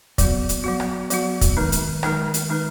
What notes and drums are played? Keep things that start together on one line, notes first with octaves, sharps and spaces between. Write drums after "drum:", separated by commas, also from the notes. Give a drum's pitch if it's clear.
F#3 B3 F#4, drum: kick, hi-hat
drum: hi-hat
F#3 B3 F#4
drum: rim click
F#3 B3 F#4, drum: hi-hat
drum: kick, hi-hat
D#3 G#3 D#4 B4
drum: hi-hat
D#3 G#3 D#4 B4, drum: rim click
drum: hi-hat
D#3 G#3 D#4 B4